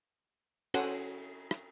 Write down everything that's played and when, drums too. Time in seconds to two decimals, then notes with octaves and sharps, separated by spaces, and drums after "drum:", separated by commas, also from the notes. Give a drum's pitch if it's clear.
0.74 C#4 F#4 A4 C5 F#5 G#5, drum: cymbal
1.51 drum: rim click